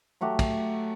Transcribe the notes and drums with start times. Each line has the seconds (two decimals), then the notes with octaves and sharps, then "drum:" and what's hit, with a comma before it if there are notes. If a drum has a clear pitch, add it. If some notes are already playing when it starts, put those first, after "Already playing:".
0.21 F#3 A3 F#4 G4
0.39 drum: kick, cymbal